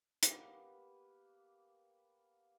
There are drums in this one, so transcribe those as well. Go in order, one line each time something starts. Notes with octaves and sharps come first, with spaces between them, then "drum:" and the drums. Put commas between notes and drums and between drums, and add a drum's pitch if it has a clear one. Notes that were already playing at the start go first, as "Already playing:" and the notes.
A#3 B3 G4 B4, drum: hi-hat